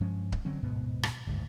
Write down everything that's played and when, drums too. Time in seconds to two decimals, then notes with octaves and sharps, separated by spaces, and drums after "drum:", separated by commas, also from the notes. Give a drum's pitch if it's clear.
0.01 G2 F3 G#3 C#4
0.32 drum: kick C#1
0.45 D3 F#3 C4 C#4
0.63 D1 G#2 B2 B3
1.03 drum: rim click
1.27 F#1 D2 G#2